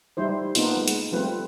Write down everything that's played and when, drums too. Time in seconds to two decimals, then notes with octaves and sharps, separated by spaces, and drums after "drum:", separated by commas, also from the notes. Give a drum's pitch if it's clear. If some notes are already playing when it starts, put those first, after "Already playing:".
0.17 G3 D#4 E4 C5
0.55 A#3 B3 D4 D#4 F4, drum: open hi-hat
0.77 G#3
0.88 drum: hi-hat
1.12 F3 G3 A3 C4 F4 B4